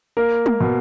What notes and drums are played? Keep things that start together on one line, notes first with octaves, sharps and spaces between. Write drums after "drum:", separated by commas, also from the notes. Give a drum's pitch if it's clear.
A#3 A#4
drum: tom
B2